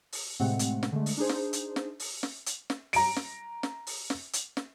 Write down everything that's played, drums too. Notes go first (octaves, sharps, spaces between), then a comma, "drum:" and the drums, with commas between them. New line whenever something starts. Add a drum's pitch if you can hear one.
drum: open hi-hat
A2 C3 G#3 A3 C4 F#5
drum: hi-hat
drum: snare
D3 G#3 A3
drum: open hi-hat
D4 D#4 G#4 C5
drum: snare
drum: hi-hat
drum: snare
drum: open hi-hat
drum: snare
drum: hi-hat
drum: snare
A#5 D7, drum: open hi-hat
drum: snare
drum: snare
drum: open hi-hat
drum: snare
drum: hi-hat
drum: snare